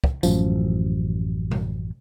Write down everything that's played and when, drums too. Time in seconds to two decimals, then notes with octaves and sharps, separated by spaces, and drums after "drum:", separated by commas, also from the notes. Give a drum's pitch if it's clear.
0.04 drum: kick
0.23 A1 F#2 F3, drum: tambourine
1.51 drum: tom B2